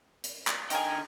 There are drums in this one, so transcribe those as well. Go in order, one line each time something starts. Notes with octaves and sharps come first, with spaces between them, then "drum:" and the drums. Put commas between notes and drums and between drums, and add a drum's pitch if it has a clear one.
drum: hi-hat
drum: clap
D3 D#4 A#4 G5 G#5, drum: hi-hat